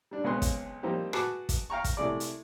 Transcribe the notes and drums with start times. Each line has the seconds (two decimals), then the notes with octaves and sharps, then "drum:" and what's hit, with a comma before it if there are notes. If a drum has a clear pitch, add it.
0.11 G3 D4
0.24 B1 C#3 G#3 C4 B4 C6
0.42 drum: kick, hi-hat
0.83 F3 G3 A#3 C4 D#4 G4
1.13 F#4 G#4 B4 A5 D6, drum: rim click
1.49 drum: kick, hi-hat
1.70 F5 G5 A#5 C#6
1.84 drum: kick, hi-hat
1.97 C2 C3 A3 G#4 D5
2.20 drum: hi-hat